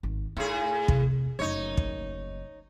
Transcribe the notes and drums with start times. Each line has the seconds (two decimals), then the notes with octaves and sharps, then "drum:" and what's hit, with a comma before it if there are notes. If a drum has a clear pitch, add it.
0.03 G#1
0.37 A2 D#4 G#4
0.88 C3 A3, drum: kick
1.39 F#1 A3 D#4 C#5
1.77 drum: kick